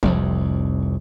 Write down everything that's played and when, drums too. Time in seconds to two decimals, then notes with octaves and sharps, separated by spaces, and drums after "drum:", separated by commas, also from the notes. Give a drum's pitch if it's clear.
0.03 F1 C2 F2, drum: tom E3